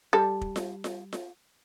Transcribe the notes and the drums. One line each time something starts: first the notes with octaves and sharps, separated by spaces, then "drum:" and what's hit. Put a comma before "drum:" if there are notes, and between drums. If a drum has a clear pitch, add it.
G3 A4
drum: kick
drum: snare F4
drum: snare F4
drum: snare F4